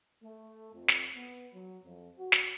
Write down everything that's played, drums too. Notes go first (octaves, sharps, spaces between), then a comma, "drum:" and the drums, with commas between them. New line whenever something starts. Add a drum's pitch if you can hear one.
A3
F2
drum: snare
B3
F#3
F2
F#4
drum: snare